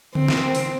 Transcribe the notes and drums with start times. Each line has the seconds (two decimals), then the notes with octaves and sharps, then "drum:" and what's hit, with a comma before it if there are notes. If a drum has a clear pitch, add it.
0.15 C4, drum: tom C#3
0.28 drum: snare
0.55 drum: open hi-hat